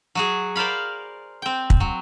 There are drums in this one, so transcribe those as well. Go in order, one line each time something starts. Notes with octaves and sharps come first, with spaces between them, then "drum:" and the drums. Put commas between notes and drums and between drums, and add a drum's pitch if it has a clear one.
F#3 F#4 G#4
A#4 C5 D5 F5 B5
C4 G5
drum: kick
F#3